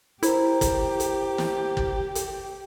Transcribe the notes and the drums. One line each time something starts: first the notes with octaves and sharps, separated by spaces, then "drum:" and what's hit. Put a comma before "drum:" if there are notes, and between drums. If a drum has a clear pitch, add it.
E4 G4 A#4 C5 A#5, drum: hi-hat
drum: kick, hi-hat
drum: hi-hat
drum: snare
drum: kick
drum: hi-hat